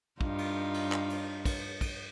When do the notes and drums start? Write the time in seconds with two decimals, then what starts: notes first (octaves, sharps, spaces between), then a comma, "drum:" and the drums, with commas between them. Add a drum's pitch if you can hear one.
0.21 G2 D#4 F4, drum: kick
0.38 drum: cymbal
0.74 drum: cymbal
0.92 drum: clap
1.10 drum: cymbal
1.45 drum: kick, cymbal
1.81 drum: kick, cymbal